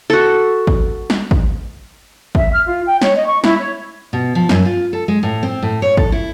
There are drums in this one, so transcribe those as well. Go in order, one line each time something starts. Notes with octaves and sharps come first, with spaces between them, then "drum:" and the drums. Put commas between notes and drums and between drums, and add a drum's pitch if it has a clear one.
F#4 A4
drum: kick
drum: snare
drum: kick
E5, drum: kick
F6
F4
G5
C#5, drum: snare
D#5
C#6
E4, drum: snare
C#5
B2
F3
F#2, drum: snare
F4
A4
G#3
A2
C4
A2
C#5
A4, drum: kick
E4